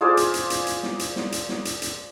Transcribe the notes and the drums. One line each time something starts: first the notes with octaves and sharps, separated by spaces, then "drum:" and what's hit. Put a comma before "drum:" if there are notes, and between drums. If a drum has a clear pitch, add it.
F4 G#4 C5 D5
drum: hi-hat
drum: hi-hat
drum: hi-hat
drum: hi-hat
drum: snare
drum: hi-hat
drum: snare
drum: hi-hat
drum: snare
drum: hi-hat
drum: hi-hat